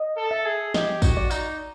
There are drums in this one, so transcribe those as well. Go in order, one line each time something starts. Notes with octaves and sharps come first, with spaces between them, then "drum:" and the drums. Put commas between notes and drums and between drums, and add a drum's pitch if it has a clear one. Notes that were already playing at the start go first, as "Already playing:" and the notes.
Already playing: D#5
A4
E5
G#4
G4 D#5, drum: snare
F#4, drum: kick, tambourine
D5
D#4, drum: tambourine